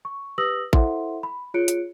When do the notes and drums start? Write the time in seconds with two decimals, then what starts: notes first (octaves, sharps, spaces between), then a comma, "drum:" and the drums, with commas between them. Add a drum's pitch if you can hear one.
0.05 C#6
0.38 G4 B4 D#6 E6 A#6 F#7
0.73 E4 A4 C5 E5 F#5 C6, drum: kick A1
1.23 B5
1.54 F4 G#4 C#5 F#6 C#7 D7
1.68 drum: hi-hat